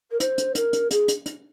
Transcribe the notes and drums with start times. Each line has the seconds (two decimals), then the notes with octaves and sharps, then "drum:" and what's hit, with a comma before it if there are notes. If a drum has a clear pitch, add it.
0.11 A#4
0.20 C5, drum: hi-hat
0.38 drum: hi-hat
0.55 A#4, drum: hi-hat
0.73 drum: hi-hat
0.91 G#4, drum: hi-hat
1.08 drum: hi-hat
1.26 drum: hi-hat